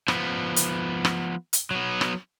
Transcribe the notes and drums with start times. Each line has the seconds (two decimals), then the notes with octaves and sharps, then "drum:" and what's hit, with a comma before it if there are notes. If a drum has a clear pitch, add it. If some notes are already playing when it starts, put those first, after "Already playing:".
0.08 F3 B3, drum: rim click
0.56 drum: hi-hat
1.05 drum: rim click
1.53 drum: hi-hat
1.71 F#3 B3
2.01 drum: rim click